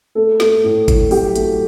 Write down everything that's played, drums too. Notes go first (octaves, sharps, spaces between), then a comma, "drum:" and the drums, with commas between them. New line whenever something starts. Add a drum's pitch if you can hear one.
A3 A4
A3, drum: snare
A2
A2, drum: kick G#1, hi-hat
F#3 G4, drum: open hi-hat
A3, drum: hi-hat